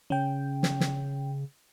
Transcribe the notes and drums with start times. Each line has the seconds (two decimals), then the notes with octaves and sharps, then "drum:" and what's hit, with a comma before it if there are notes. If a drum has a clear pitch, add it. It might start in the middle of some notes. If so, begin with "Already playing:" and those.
0.10 C#3 C#4 G5
0.63 drum: snare
0.80 drum: snare